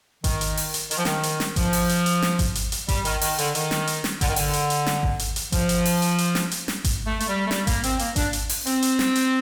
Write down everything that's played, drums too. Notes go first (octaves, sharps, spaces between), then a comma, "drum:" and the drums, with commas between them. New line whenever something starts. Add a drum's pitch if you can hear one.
D#3, drum: kick G#1, hi-hat
drum: hi-hat
drum: open hi-hat
drum: hi-hat
D#3, drum: hi-hat
F3
D#3, drum: snare
drum: hi-hat
drum: snare
F3, drum: kick G#1, hi-hat
drum: open hi-hat
drum: hi-hat
drum: hi-hat
drum: snare
drum: kick G#1, hi-hat
drum: hi-hat
drum: hi-hat
G3, drum: kick G#1, hi-hat
D#3, drum: hi-hat
D#3, drum: open hi-hat
D3, drum: hi-hat
D#3, drum: hi-hat
drum: snare
drum: hi-hat
drum: snare
D3, drum: kick G#1, hi-hat
D#3
D3, drum: open hi-hat
drum: hi-hat
drum: hi-hat
drum: snare
drum: kick G#1
drum: hi-hat
drum: hi-hat
F3, drum: kick G#1, hi-hat
drum: hi-hat
drum: open hi-hat
drum: hi-hat
drum: hi-hat
drum: snare
drum: hi-hat
drum: snare
drum: kick G#1, hi-hat
A3
A3, drum: hi-hat
G3
A3
G3, drum: snare
A#3, drum: kick G#1, hi-hat
C4, drum: hi-hat
A#3, drum: hi-hat
D4, drum: kick G#1, hi-hat
drum: hi-hat
drum: open hi-hat
C4, drum: hi-hat
drum: hi-hat
drum: snare
drum: hi-hat